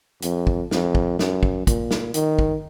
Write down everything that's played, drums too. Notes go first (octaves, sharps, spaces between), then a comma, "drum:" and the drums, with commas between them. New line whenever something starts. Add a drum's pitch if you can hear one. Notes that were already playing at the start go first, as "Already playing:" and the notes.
F2, drum: hi-hat
drum: kick
F2, drum: snare
drum: kick
F#2, drum: snare
drum: kick
A#2, drum: kick, hi-hat
drum: snare
D#3, drum: hi-hat
drum: kick